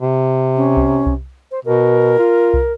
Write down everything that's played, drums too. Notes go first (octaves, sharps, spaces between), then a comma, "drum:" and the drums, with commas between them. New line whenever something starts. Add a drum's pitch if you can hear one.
C3
C#4
drum: kick C2
drum: kick C2
C5
B2 A#4
F4
drum: kick C2